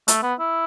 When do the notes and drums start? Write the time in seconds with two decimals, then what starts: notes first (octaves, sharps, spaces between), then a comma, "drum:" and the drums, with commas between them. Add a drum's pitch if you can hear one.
0.08 A3, drum: hi-hat
0.23 B3
0.39 E4